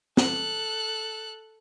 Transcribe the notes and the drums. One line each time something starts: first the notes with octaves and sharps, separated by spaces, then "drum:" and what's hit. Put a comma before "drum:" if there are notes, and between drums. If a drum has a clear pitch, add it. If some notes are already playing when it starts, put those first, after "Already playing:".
A4 F#6, drum: snare